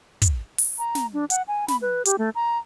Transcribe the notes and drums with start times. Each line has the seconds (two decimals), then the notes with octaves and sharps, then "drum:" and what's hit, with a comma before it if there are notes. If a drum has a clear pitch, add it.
0.22 drum: kick, hi-hat
0.58 drum: open hi-hat
0.79 A#5
0.95 drum: snare
1.14 D4
1.30 F#5, drum: hi-hat
1.48 G#5
1.68 B5, drum: snare
1.82 B4
2.05 G4, drum: hi-hat
2.18 A3
2.35 A#5